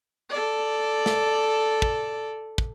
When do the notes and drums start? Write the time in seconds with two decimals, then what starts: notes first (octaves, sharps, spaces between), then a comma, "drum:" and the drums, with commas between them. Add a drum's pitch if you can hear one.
0.30 A4 D5
1.06 drum: snare
1.82 drum: kick
2.58 drum: kick